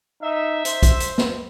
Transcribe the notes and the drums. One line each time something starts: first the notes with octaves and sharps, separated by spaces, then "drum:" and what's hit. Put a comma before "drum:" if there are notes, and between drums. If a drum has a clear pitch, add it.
D#4 E5
C5, drum: hi-hat
drum: kick, hi-hat
drum: hi-hat
drum: snare